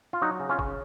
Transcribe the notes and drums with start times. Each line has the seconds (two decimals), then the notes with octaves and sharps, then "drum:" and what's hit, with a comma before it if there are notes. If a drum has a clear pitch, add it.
0.13 F4
0.22 F#3 D#4 F#4
0.40 C#3
0.49 C#4 F4
0.59 C#3, drum: kick